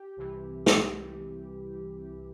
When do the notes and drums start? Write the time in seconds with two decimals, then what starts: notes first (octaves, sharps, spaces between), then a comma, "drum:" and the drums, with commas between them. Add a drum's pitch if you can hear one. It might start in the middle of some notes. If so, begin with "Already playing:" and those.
Already playing: G4
0.17 C2 C3 E3
0.66 drum: snare